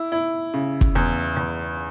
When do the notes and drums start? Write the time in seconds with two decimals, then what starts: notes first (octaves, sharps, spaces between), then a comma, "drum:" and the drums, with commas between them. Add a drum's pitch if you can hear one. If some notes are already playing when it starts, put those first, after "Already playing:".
Already playing: E4
0.12 E4
0.54 C#3
0.81 drum: kick
0.95 E2
1.37 E2